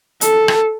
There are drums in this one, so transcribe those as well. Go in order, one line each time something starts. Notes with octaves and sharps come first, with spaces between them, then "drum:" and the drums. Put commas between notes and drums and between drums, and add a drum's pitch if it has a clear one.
A4, drum: hi-hat
drum: rim click